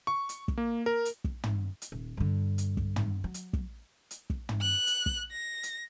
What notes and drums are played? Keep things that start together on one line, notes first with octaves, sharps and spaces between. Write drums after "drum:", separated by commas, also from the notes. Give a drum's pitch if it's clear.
C#6
drum: hi-hat
drum: kick
A#3
A#4
drum: hi-hat
drum: kick
drum: tom
drum: hi-hat
D#1
G2 D3
drum: hi-hat
drum: kick
drum: tom
F#3
drum: hi-hat
drum: kick
drum: hi-hat
drum: kick
drum: tom
F#6
drum: hi-hat
drum: kick
A#6
drum: hi-hat